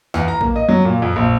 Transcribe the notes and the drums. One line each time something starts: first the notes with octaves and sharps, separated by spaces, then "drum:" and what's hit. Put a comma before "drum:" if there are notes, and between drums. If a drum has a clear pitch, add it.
E2, drum: snare
A#5
A#3, drum: kick A1
D#5, drum: tom G2
F#3
A#2
F2
A#1